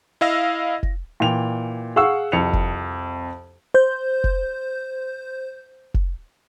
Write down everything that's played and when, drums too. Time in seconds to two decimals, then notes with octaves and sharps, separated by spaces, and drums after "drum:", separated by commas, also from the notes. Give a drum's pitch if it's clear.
0.21 E4 D#5 F5 E6 A#6
0.83 drum: kick F1
1.20 A#2 E3 G5 F7
1.96 G#4 F5 F#5 C#6 E6
2.32 C2 F2 C#7 F7
2.53 drum: kick F1
3.74 C5 G6
4.24 drum: kick F1
5.95 drum: kick F1